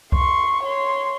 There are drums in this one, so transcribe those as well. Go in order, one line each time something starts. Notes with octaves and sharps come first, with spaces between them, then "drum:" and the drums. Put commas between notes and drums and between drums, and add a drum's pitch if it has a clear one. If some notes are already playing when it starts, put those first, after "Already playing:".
C6 C#6, drum: kick C2
C#5 C6